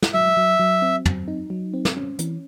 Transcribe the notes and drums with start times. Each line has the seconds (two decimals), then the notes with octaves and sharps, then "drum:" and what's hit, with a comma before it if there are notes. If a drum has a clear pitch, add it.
0.02 drum: snare
0.14 F#3 E5
0.37 F#3
0.59 F#3
0.82 C4
1.05 F#3, drum: tom
1.28 D#4
1.50 F#3
1.74 C4
1.85 drum: snare
1.97 C#4
2.19 E3, drum: hi-hat